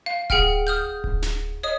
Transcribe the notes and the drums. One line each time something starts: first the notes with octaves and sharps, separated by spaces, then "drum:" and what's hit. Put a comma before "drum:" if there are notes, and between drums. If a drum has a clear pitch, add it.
F5
G#4 F#5 G5 F6, drum: kick D1
D#6 F6 G6
drum: kick D1
drum: snare
C#5 D#5 D#6